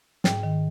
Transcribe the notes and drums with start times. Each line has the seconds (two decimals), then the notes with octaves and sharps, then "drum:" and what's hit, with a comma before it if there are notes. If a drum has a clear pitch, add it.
0.24 G#2 G5, drum: snare
0.43 D#3